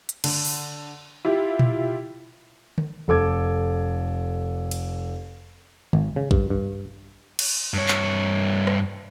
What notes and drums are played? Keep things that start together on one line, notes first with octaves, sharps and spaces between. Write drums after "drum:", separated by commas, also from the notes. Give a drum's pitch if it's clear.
drum: hi-hat
D3, drum: cymbal
drum: open hi-hat
E4 F4 G4
drum: tom A#2
drum: tom
F1 A4 D6 G#6
drum: cymbal
G#1, drum: tom
C#3
G2, drum: kick A1
G2
drum: cymbal
G2 C#5
drum: clap
drum: rim click